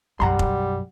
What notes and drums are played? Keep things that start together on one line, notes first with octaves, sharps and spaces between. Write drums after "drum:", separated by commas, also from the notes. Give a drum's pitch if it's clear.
B1 F#2 G3 F#5 A#5 C6
drum: kick F1